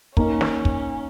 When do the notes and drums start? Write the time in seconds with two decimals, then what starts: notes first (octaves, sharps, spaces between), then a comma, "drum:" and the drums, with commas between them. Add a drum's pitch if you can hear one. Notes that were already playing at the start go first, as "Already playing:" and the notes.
0.17 A#3 C#4 D#4 A#4, drum: kick
0.41 drum: snare
0.65 drum: kick